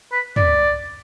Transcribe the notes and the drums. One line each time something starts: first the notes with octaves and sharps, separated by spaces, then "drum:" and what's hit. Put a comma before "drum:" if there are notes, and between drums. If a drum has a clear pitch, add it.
B4
D5, drum: tom